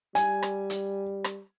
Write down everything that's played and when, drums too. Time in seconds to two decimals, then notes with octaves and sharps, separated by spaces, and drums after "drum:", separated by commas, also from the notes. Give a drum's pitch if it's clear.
0.15 G3 G#5, drum: hi-hat
0.42 drum: rim click
0.70 drum: hi-hat
1.24 drum: rim click